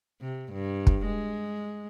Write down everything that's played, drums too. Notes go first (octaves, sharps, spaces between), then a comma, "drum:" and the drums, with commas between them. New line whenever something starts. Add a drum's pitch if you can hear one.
C3
G2
drum: kick
G#3